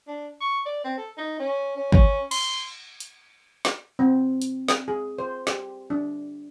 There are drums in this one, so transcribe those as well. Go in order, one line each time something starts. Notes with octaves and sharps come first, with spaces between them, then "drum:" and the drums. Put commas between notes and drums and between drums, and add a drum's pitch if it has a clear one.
D4
C#6
D5
C4
A4
D#4
C#4
C#4
C#4, drum: kick
C6, drum: cymbal
drum: hi-hat
drum: snare
C4
drum: hi-hat
drum: snare
G#4
C5
G4, drum: snare
D4